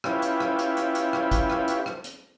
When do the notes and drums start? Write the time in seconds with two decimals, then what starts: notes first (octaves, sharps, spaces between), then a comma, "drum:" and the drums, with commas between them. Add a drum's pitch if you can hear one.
0.04 C#4 E4 F4 G4 B4, drum: rim click
0.22 drum: hi-hat
0.40 drum: rim click
0.59 drum: hi-hat
0.77 drum: hi-hat
0.95 drum: hi-hat
1.13 drum: rim click
1.31 drum: kick, hi-hat
1.50 drum: rim click
1.68 drum: hi-hat
1.86 drum: rim click
2.04 drum: hi-hat